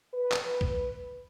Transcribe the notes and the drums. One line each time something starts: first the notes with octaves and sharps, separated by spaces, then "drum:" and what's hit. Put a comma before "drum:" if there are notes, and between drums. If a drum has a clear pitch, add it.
B4
drum: clap
drum: kick A#1